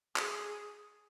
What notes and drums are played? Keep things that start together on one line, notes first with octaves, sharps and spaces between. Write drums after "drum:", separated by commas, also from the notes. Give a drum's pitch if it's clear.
G#4, drum: clap